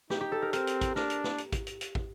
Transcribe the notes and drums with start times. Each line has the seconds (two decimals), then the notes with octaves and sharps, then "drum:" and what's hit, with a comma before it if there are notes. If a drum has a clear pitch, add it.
0.10 D#4 G4, drum: snare
0.21 G4
0.32 A4
0.42 A#4
0.53 C4 A#4, drum: hi-hat
0.67 drum: hi-hat
0.81 drum: kick, hi-hat
0.96 D4 A#4, drum: snare
1.10 drum: hi-hat
1.24 drum: snare
1.38 drum: hi-hat
1.52 drum: kick, hi-hat
1.67 drum: hi-hat
1.81 drum: hi-hat
1.95 drum: kick